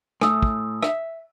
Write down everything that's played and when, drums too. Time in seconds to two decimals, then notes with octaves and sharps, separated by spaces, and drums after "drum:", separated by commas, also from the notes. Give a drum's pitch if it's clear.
0.21 A2 A3 G#5 D#6 E6, drum: rim click
0.43 drum: kick
0.83 E5, drum: rim click